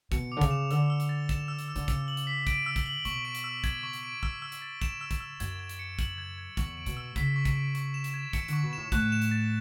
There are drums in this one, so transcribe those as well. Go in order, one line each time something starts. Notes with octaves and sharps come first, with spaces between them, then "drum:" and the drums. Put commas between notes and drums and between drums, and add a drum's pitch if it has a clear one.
B2 C#7, drum: kick, hi-hat
D6
D3
C#3, drum: kick, hi-hat
E7
D3 E6, drum: hi-hat
E6
drum: hi-hat
A6
E7, drum: kick, hi-hat
E6
drum: hi-hat
E6
D3, drum: hi-hat
C#3 E6, drum: kick, hi-hat
F#7
drum: hi-hat
B6
D7, drum: kick, hi-hat
E6
drum: kick, hi-hat
F#7
B2 C#6, drum: hi-hat
D7
drum: hi-hat
E6
G#6, drum: kick, hi-hat
C#6
drum: hi-hat
D7
E6, drum: kick
E6
drum: hi-hat
A6
E7, drum: kick, hi-hat
E6
drum: kick, hi-hat
E6
F#2 G#6, drum: hi-hat
G#6
drum: hi-hat
C#7
F#7, drum: kick, hi-hat
G#6
G#6
E2 C#6, drum: kick, hi-hat
D7
B2, drum: hi-hat
E6
C#3 B6, drum: kick, hi-hat
C#6
drum: kick, hi-hat
D7
C#6, drum: hi-hat
E7
drum: hi-hat
G#6
E3 C#7, drum: kick, hi-hat
D3 C#6, drum: hi-hat
B2
A2 E7
A2 F#6, drum: kick, hi-hat
E7
drum: hi-hat
A6